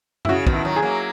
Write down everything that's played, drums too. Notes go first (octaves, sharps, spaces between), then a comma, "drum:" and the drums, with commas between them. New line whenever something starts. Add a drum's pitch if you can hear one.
E4, drum: tom F#2
C#3 F#4
B2 D#3, drum: kick
E4
D#3 F#3
G#4
F#3 A#3